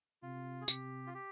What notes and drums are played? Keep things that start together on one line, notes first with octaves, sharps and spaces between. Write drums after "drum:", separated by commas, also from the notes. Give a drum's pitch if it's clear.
C3 F4
G#4
C3 G4, drum: tambourine
F4
G4